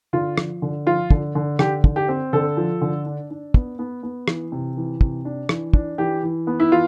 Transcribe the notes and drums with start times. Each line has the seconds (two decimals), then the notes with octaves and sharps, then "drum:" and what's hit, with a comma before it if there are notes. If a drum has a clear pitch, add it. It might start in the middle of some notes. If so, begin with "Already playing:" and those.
0.13 D3 F4
0.38 F3, drum: rim click
0.62 D3
0.86 F3 F4
1.10 D3, drum: kick
1.35 D3
1.59 D3 G4, drum: rim click
1.84 D3, drum: kick
1.96 G4
2.09 C4
2.33 D3 A4
2.57 F3
2.81 D3
3.06 D4
3.30 D4
3.54 B3, drum: kick
3.79 B3
4.03 B3
4.28 E3, drum: rim click
4.52 C3
4.77 E3
5.01 C3, drum: kick
5.25 D4
5.49 E3, drum: rim click
5.73 D4, drum: kick
5.98 E3 G4
6.23 E3
6.47 B3
6.60 E4
6.72 E3 F4